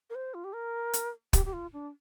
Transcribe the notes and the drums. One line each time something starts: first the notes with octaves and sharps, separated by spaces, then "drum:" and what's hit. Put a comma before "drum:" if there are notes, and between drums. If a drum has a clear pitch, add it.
A#4
C5
F4
G4
A#4
drum: hi-hat
G4, drum: kick, hi-hat
G4
F4
D4